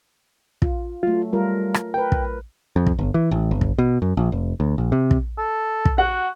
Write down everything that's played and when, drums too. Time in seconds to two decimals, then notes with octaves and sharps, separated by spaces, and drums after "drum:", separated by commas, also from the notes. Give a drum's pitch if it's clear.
0.62 F4, drum: kick
1.03 F#3 A3 F4
1.33 G3 F4 A#4
1.74 drum: rim click
1.94 A#4 B4 G5
2.12 drum: kick
2.76 F2
2.86 drum: kick
2.99 G1
3.14 E3
3.31 A1
3.51 G1
3.61 drum: kick
3.78 B2
4.02 F#2
4.17 A#1
4.32 F1
4.60 D2
4.78 A#1
4.92 C3
5.11 drum: kick
5.38 A4
5.85 drum: kick
5.98 F#4 F#5